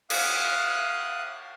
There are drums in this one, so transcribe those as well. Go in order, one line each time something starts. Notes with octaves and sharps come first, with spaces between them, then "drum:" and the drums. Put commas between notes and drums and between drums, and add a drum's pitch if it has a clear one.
F5 D#6 F#6, drum: cymbal